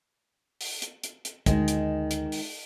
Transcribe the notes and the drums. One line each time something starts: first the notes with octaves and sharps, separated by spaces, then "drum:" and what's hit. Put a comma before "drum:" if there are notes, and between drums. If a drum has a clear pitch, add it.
drum: open hi-hat
drum: hi-hat
drum: hi-hat
drum: hi-hat
D2 D#3 G#3, drum: kick, hi-hat
drum: hi-hat
drum: hi-hat
drum: open hi-hat